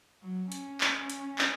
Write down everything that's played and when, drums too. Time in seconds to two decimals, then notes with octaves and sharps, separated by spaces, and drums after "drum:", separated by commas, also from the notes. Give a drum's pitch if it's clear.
0.22 F#3
0.52 C#4, drum: hi-hat
0.81 drum: clap
1.10 drum: hi-hat
1.38 drum: clap